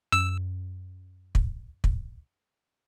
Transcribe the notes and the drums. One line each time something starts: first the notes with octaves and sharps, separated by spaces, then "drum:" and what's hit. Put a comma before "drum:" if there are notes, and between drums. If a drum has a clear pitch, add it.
F#2 E6
drum: kick
drum: kick